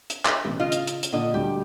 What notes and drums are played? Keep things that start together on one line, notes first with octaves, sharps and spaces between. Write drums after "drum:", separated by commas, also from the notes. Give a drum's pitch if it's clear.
drum: hi-hat
drum: clap
A1 B2
C#3 F4 D#5 F5
drum: hi-hat
drum: hi-hat
drum: hi-hat
A#2 D3 F4 D#5
D2 G3 G4